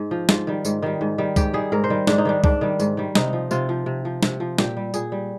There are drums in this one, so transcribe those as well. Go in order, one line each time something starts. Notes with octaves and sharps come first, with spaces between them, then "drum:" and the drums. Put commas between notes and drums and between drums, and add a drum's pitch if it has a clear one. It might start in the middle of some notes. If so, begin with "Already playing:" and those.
Already playing: G#2
F3
G#2 F4, drum: snare
D#3 G3
G#2, drum: tambourine
D#3 G3
G#2
D#3 G3
G#2 G4, drum: kick C2, tambourine
D#3 G3 G#4
G#2 A#4
C5
D#3 G3
G#2 D4, drum: snare
D#4
D#3 G3 D4
G#2 D4, drum: kick C2
D#3 G3
G#2, drum: tambourine
D#3 G3
C3 D#4, drum: snare
F3
C3 F4, drum: tambourine
F3
C3
F3
C3, drum: snare
F3
A#2 G4, drum: snare
G3
A#2 G#4, drum: tambourine
G3